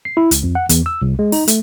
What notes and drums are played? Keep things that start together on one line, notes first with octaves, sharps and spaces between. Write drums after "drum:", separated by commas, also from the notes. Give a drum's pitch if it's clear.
C7
E4
C#2, drum: hi-hat
F2
F#5
E2, drum: hi-hat
E6
C2
G#3
D#4, drum: open hi-hat
A3, drum: hi-hat